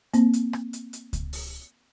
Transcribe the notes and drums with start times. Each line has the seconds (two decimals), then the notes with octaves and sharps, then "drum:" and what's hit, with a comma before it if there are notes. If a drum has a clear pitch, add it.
0.14 A#3 C4, drum: hi-hat
0.33 drum: hi-hat
0.53 drum: rim click
0.73 drum: hi-hat
0.93 drum: hi-hat
1.13 drum: kick C#2, hi-hat
1.33 drum: open hi-hat